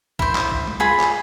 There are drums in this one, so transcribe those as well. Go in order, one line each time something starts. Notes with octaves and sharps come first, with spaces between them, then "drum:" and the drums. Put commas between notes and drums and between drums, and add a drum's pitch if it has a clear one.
E4 C5, drum: kick
drum: clap
drum: kick
drum: tom G3
F4 G#4 B5
drum: clap